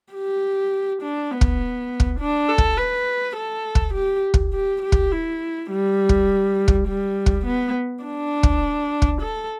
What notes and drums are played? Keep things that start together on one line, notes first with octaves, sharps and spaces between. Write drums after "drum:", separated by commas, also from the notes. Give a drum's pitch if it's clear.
G4
D4
B3
drum: kick
drum: kick
D4
A4
drum: kick
B4
A4
drum: kick
G4
drum: kick
G4
G4
drum: kick
E4
G3
drum: kick
drum: kick
G3
drum: kick
B3
D4
drum: kick
drum: kick
A4